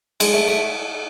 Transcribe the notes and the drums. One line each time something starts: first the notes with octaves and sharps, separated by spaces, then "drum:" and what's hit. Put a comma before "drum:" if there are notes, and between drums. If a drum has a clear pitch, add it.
G#3, drum: cymbal
A3
A3